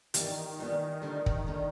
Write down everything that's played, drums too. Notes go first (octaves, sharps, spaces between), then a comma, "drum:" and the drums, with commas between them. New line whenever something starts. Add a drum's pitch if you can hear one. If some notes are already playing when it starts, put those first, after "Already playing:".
G2 D#3 E3 G3 B3, drum: hi-hat
G2 E3 G3 B3
D2 D3 G3
drum: kick
D3 G3